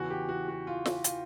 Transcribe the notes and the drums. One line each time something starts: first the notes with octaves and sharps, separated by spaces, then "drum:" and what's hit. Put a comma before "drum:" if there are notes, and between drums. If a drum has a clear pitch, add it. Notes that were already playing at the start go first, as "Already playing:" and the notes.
Already playing: E2 C#3 E3 F#4
G4
F#4
F#4
F4
drum: snare
F4, drum: hi-hat